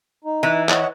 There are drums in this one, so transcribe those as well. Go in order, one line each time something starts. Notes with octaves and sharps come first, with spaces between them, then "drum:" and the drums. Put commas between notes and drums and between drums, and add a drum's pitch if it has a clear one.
D#4
E3
C#5 D#5 F#5, drum: clap